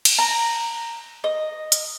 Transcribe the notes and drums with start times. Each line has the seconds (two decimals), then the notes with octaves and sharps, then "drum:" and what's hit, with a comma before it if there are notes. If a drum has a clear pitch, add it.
0.05 drum: cymbal
0.18 A#5
1.24 D#5
1.72 drum: hi-hat